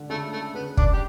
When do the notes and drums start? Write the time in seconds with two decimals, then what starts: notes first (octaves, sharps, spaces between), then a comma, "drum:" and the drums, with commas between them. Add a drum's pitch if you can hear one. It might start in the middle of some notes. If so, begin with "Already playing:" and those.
Already playing: D3
0.10 C#3 A3
0.33 A3
0.54 C#3 B3
0.77 D4, drum: kick
0.93 G4